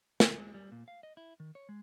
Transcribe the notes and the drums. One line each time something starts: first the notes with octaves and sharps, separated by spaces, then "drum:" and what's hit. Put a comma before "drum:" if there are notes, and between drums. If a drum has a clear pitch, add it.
D2, drum: snare
G#3
G3
A#2
F5
D#5
E4
D#3
C#5
G#3